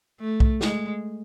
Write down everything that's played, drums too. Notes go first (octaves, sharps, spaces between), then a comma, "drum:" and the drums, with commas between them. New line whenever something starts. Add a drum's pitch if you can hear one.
A3
drum: kick B1
G#3, drum: snare